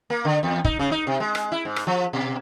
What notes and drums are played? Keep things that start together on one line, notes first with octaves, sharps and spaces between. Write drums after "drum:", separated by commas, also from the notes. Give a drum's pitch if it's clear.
A#3
D3
E2
D#4, drum: kick
C#3
D#4
C3
G#3
drum: rim click
E4
G#2
drum: rim click
F3
B2